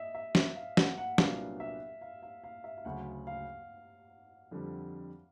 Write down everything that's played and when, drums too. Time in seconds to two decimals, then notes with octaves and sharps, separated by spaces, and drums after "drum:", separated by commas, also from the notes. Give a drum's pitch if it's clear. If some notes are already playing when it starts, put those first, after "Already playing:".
Already playing: D#5 E5
0.15 E5
0.35 E5, drum: snare
0.56 F5
0.77 F#5, drum: snare
0.98 F#5
1.18 C2 A#2 F#3 B3 D4 F5, drum: snare
1.60 E5
2.01 F5
2.23 F5
2.44 F5
2.64 E5
2.77 F5
2.85 D2 C#3 F#3 F#5
3.27 F5
4.51 F2 D3 G3